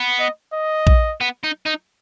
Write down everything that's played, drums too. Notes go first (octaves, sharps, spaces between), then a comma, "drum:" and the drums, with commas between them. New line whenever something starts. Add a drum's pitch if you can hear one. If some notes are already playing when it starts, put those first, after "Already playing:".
Already playing: B3
D#5
D#5
drum: kick A#1
B3
D#4
D#4